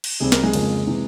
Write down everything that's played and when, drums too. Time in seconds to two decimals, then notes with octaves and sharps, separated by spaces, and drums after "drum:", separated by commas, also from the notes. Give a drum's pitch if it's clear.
0.04 drum: cymbal
0.20 C2 C3 G3 C4 G#4
0.32 A#4, drum: snare
0.43 G#3 G#4
0.53 F2 C#3 F3 A#3, drum: cymbal
0.87 C3 E3